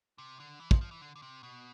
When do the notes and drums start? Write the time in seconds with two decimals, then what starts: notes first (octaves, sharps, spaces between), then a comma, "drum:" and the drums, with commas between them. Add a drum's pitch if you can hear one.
0.18 C3
0.40 D3
0.60 E3
0.71 F3, drum: kick
0.81 F3
0.91 E3
1.02 D3
1.16 D3
1.22 C3
1.43 B2